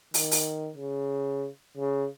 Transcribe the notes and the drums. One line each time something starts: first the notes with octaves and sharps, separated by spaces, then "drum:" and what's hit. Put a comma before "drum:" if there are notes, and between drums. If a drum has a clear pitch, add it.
D#3, drum: open hi-hat
drum: open hi-hat
C#3
C#3